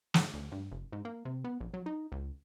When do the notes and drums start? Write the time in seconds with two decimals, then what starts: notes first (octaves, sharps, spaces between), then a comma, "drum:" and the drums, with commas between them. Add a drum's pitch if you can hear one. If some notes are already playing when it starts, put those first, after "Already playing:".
0.14 G#2, drum: snare
0.34 D2
0.52 G2
0.71 F#1
0.92 G#2
1.05 A#3
1.25 C3
1.44 B3
1.61 A#1
1.74 F#3
1.86 D#4
2.12 C#2